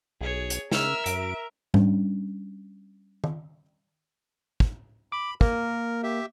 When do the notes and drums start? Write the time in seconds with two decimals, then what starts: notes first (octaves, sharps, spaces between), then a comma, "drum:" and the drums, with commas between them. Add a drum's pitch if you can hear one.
0.21 B1 G#4 C#5
0.50 drum: hi-hat
0.71 C#3 A#4 E5 E6 F6, drum: snare
1.06 F#2 D7, drum: hi-hat
1.74 G3 C#4 D4, drum: tom G#2
3.24 drum: tom D#3
4.60 drum: kick
5.12 B5 D6
5.41 A#3 A#4, drum: kick
6.03 G4 E5